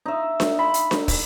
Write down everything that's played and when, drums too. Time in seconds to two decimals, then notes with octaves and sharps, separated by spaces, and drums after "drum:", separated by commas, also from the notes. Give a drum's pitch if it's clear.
0.06 D#4 E5
0.40 drum: snare D4
0.59 B5
0.74 drum: hi-hat
0.91 drum: snare D4
1.08 drum: kick, open hi-hat